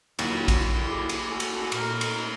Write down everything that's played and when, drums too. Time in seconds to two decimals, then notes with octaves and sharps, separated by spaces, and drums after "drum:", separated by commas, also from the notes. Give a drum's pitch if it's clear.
0.19 D#2 D3 F#3 E4 F4, drum: cymbal
0.48 drum: kick A#1, cymbal
0.85 E4 G#4 D6
1.09 drum: cymbal
1.29 A3 F#4 A4 G#5
1.40 drum: cymbal
1.72 A#2 D#3 A#5 F6, drum: cymbal
2.01 A3, drum: cymbal